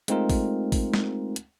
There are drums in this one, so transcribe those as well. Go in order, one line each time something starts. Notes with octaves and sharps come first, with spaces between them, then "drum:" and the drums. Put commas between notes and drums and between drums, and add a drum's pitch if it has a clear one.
G#3 A3 C4 D#4 F4 A#4, drum: hi-hat
drum: kick A1, open hi-hat
drum: kick A1, open hi-hat
drum: snare
drum: hi-hat